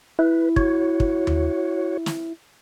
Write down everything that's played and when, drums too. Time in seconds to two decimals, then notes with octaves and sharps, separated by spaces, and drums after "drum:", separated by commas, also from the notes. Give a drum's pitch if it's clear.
0.19 E4 B4
0.56 F#4 C#5, drum: kick
1.00 drum: kick
1.27 drum: tom D#2
2.06 drum: snare